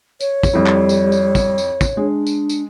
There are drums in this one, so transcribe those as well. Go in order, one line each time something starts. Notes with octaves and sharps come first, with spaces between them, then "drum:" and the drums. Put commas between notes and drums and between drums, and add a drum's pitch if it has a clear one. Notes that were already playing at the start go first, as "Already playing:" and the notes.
C#5, drum: tambourine
drum: kick, tambourine
F2 G3 E4
drum: clap
drum: tambourine
drum: tambourine
drum: kick, tambourine
drum: tambourine
drum: kick, tambourine
G#3 D4
drum: tambourine
drum: tambourine